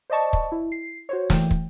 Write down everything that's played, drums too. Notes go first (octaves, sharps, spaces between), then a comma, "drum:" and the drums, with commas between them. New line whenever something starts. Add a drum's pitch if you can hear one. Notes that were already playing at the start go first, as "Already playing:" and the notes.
C5 D5 D#5 A5 C#6
drum: kick
E4
C7
F#4 C5 C#5
E3 A3 G5, drum: snare
drum: kick